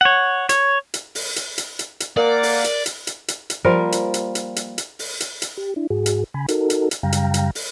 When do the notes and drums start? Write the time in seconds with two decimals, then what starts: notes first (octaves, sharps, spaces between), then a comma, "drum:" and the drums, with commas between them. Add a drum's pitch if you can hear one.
0.01 C#5 F#5
0.49 C#5, drum: hi-hat
0.94 drum: hi-hat
1.15 drum: open hi-hat
1.36 drum: hi-hat
1.58 drum: hi-hat
1.79 drum: hi-hat
2.00 drum: hi-hat
2.17 A#3 A#4 D5 F5 F#5
2.43 drum: open hi-hat
2.64 drum: hi-hat
2.86 drum: hi-hat
3.07 drum: hi-hat
3.28 drum: hi-hat
3.50 drum: hi-hat
3.64 F3 G3 A#3 A#4
3.92 drum: hi-hat
4.14 drum: hi-hat
4.35 drum: hi-hat
4.56 drum: hi-hat
4.78 drum: hi-hat
4.99 drum: open hi-hat
5.20 drum: hi-hat
5.42 drum: hi-hat
5.57 G4
5.76 D4 E4
5.90 G#2 F#4 G#4
6.06 drum: hi-hat
6.34 C#3 G#5 B5
6.48 D#4 F#4 A4 A#4, drum: hi-hat
6.70 drum: hi-hat
6.91 drum: hi-hat
7.03 F#2 C#3 G3 F5 G5 A#5
7.12 drum: hi-hat
7.34 drum: hi-hat
7.55 drum: open hi-hat